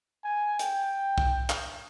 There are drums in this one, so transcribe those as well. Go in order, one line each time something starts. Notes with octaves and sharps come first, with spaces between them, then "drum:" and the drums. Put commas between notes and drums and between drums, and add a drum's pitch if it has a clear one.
G#5
G5, drum: hi-hat
drum: kick
drum: clap